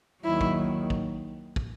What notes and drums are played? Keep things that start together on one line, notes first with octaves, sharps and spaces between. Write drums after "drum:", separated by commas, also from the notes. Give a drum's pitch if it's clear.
D#2 D#3 F#3 E4
drum: kick
drum: kick
drum: kick